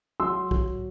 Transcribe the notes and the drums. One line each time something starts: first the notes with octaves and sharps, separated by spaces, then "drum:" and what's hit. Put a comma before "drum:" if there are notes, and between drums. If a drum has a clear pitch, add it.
F#3 C6 E6
F#3, drum: kick B1